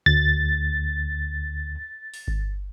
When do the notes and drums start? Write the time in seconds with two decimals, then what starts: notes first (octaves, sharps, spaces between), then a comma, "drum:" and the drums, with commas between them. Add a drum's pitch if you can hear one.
0.06 D2 A6
2.14 drum: open hi-hat
2.28 drum: kick G1